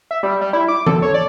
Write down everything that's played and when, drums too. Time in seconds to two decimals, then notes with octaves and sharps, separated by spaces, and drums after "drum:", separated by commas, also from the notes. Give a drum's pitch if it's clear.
0.11 E5
0.23 G3
0.41 G3
0.53 E4
0.68 D6
0.87 A4, drum: tom E3
1.02 C#5
1.14 D5